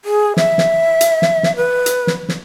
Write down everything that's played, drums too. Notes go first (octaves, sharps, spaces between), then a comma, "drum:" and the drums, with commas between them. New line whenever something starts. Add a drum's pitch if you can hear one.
G#4
E5, drum: snare
drum: snare
drum: hi-hat
drum: snare
drum: snare
B4
drum: hi-hat
drum: snare
drum: snare